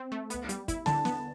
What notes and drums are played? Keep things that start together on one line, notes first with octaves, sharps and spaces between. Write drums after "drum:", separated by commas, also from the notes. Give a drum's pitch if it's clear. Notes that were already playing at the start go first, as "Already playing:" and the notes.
Already playing: C4
A3
B3, drum: hi-hat
G3, drum: hi-hat
E4, drum: kick, hi-hat
D3 A5, drum: snare
B3, drum: snare